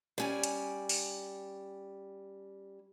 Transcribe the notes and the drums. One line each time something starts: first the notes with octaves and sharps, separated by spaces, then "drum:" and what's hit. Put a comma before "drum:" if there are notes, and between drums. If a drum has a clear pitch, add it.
G3 C#4 G#5
drum: hi-hat
drum: open hi-hat